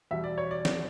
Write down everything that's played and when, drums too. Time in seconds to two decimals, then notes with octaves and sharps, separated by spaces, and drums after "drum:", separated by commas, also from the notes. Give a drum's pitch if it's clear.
0.11 E2 B2 G3 E5
0.24 D5
0.38 C#5
0.51 D5
0.65 drum: snare